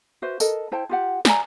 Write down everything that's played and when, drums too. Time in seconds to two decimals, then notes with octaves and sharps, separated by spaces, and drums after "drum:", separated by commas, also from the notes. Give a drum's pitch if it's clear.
0.22 F#4 B4 C5 E5
0.40 A4 A#4 D#5, drum: tambourine
0.72 E4 C5 G5 A5
0.89 F4 G4 F#5
1.25 D5 G#5 A#5, drum: snare